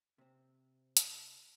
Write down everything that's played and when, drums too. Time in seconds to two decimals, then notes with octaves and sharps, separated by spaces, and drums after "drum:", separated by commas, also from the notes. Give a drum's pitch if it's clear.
0.18 C3 C4
0.97 drum: hi-hat